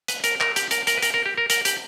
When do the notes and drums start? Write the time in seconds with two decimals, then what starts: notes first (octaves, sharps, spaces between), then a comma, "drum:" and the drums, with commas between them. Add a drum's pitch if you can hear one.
0.08 B4, drum: hi-hat
0.24 A#4, drum: hi-hat
0.41 A#4, drum: clap
0.56 G4, drum: hi-hat
0.71 A#4, drum: hi-hat
0.87 A#4, drum: hi-hat
0.97 B4
1.02 A#4, drum: hi-hat
1.14 A#4
1.26 G4
1.38 A#4
1.50 A#4, drum: hi-hat
1.65 G4, drum: hi-hat